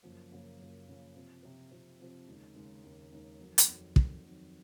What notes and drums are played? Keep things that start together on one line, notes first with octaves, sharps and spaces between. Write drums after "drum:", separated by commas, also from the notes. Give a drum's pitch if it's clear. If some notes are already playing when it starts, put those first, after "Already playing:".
F#2 C#3 F3 A#3
F#2 C#3 F3 A#3
F#2 C#3 F3 A#3
F#2 C#3 F3 A#3
C3 F3 C4
C3 F3 C4
C3 F3 C4
C3 F3 C4
D#2 C#3 G#3 D#4
D#2 C#3 G#3 D#4
D#2 C#3 G#3 D#4
D#2 C#3 G#3 D#4
F2 D#3 F#3
drum: hi-hat
F2 D#3 F#3
F2 D#3 F#3, drum: kick
F2 D#3 F#3